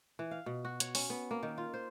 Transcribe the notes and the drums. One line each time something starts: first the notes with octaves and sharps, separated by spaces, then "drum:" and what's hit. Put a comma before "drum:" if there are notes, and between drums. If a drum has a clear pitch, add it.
E3
F5
B2
F#4
C#5, drum: hi-hat
C#4, drum: open hi-hat
B3
A#3
D#3
F4
C5